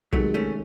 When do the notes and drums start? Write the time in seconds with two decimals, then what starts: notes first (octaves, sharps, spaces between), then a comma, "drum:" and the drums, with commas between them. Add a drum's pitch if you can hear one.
0.13 C3 D#3 F#3 G#3 A3, drum: kick
0.34 A3 C#4